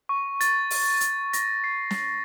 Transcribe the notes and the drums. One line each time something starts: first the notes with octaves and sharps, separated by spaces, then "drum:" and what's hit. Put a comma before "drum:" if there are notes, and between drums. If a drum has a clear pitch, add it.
C#6
A6, drum: hi-hat
drum: open hi-hat
drum: hi-hat
A#6, drum: hi-hat
C7
drum: snare